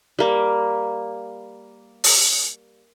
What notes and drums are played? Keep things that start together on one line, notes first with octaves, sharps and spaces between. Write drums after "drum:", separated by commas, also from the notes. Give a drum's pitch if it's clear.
G3 A#3
drum: open hi-hat